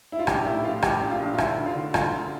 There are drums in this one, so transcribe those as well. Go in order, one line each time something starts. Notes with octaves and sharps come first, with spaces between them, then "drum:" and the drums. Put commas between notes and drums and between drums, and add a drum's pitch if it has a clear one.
E4
F4
A#1 G4, drum: rim click
A2 E4
F3 F4
F3 G4, drum: rim click
A#1
F4
A#1
F4
D3 E4, drum: rim click
D2
F4
D2
D3 F4, drum: rim click
D2